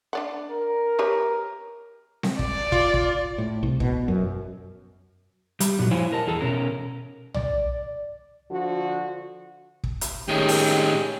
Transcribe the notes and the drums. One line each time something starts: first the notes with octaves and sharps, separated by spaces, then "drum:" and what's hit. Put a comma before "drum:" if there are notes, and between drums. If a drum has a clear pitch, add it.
D4 D5 F#5
A#4
G4 B4 C#5
drum: snare C4
D5, drum: kick
F4, drum: kick
drum: kick
A2
C2
B2, drum: kick
F#2
G3, drum: hi-hat
F#2 A#2 F#3
F3 E4 C5 C#5 F5 G#5
A#4 D#5 A5
E2 G#4 A4
B2 C#4 A#4
D5, drum: tom
D3 F3 F#4
drum: kick
drum: hi-hat
A2 D#3 G#3 C#4 G4
drum: open hi-hat